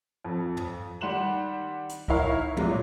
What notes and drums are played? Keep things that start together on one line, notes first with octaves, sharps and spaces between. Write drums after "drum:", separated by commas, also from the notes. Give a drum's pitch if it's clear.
F2
drum: tom
D#3 G3 F#5 C6 E7 F#7
drum: hi-hat
D#4 E4 A#4 C#5 F5, drum: kick C#2
A#2 F#3 G#3, drum: tom